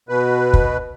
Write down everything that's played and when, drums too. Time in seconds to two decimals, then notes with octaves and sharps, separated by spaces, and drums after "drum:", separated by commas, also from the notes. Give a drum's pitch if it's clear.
0.09 B2 B4
0.53 drum: kick